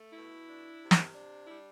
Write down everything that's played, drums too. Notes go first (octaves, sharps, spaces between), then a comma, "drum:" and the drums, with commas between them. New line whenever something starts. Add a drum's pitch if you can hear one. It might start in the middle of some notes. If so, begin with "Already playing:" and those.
Already playing: A3
B2 E4
D4
C3
drum: snare
D4
G3 E4